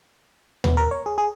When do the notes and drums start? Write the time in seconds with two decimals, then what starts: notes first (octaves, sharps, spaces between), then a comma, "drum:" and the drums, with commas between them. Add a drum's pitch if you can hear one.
0.64 B3, drum: tom D#2
0.77 A#4
0.91 C#5
1.06 G#4
1.18 G#4